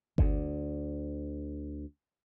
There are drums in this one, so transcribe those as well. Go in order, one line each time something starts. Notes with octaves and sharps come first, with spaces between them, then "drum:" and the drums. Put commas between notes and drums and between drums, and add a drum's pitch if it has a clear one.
D2 D3, drum: kick G1